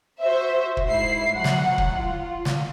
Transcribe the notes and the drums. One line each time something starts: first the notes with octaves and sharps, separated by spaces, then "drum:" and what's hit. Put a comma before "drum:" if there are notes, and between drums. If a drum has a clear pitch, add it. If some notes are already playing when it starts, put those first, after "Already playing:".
F#4 C5 E5
drum: kick
G#2 E4 C7
F#3 F#5
drum: snare
drum: kick
F4
drum: snare